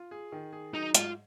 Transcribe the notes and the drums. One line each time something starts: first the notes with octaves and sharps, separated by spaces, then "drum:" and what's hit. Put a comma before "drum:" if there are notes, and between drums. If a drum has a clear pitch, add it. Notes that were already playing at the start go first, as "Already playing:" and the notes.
Already playing: F4
G#4
D#3
G#4
F#3 D#4
G#2 F4, drum: hi-hat